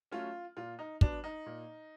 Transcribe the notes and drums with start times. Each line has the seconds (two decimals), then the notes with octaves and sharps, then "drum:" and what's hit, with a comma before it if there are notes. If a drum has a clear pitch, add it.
0.12 F#3 A3 C#4 F4
0.57 A#2 F4
0.79 D#4
1.01 F#3 B3 D4, drum: kick
1.24 D#4
1.46 A#2